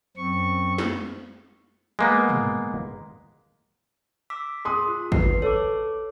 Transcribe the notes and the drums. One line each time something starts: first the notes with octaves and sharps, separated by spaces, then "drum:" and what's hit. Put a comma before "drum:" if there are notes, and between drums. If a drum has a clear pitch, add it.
F#2 C4 C#6
drum: snare
G#3 A#3 B3
drum: tom
D6 E6 B6
G#4 C6 D#6
F4
B4 C7, drum: kick
A4 C#5 D6